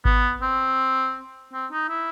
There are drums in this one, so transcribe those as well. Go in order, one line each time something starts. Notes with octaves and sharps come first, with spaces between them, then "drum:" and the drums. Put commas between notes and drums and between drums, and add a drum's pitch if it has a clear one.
B3, drum: kick G#1
C4
C4
D#4
E4